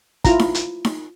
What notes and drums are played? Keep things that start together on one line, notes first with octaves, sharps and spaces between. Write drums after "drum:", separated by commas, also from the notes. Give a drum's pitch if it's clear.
E4 F4 A#5, drum: kick, hi-hat
drum: snare D#4
drum: hi-hat
drum: snare D#4